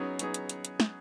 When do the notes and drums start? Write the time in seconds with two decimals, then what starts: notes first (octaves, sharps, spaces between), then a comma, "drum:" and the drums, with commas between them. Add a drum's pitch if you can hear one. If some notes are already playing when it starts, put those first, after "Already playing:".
Already playing: F#3 B3 C#4 D#4 G#4
0.19 F#3 B3 D#4 G#4, drum: hi-hat
0.34 drum: hi-hat
0.49 drum: hi-hat
0.65 drum: hi-hat
0.80 drum: snare